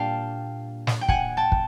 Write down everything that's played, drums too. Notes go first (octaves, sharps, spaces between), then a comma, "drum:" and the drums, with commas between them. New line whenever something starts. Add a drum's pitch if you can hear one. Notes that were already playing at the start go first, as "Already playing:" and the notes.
Already playing: A#2 G3 A#3 D4 F5 G5 A5
drum: snare
G5
F#5 G#5, drum: kick
G5 A5
drum: kick